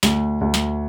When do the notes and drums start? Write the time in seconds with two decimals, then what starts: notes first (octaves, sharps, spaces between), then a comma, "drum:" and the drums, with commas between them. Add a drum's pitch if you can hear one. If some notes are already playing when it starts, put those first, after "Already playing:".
0.03 D2, drum: snare
0.41 D2
0.54 drum: snare